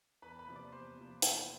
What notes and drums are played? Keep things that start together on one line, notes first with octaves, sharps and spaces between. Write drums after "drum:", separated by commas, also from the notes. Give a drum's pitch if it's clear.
E2 B4 B5
B4 B5
C3 F3 A#3
D5 D6
E2 C5 C6
C3 F3 A#3
E2, drum: hi-hat